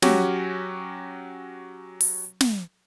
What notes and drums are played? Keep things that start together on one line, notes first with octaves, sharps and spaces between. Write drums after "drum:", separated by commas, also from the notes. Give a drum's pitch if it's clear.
F#3 C#4 F#4 G4, drum: snare
drum: open hi-hat
drum: snare